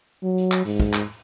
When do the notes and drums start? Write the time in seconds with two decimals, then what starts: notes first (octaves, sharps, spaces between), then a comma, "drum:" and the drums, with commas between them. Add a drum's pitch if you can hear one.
0.23 F#3
0.38 drum: hi-hat
0.52 drum: clap
0.65 G#2, drum: open hi-hat
0.80 drum: kick
0.94 drum: clap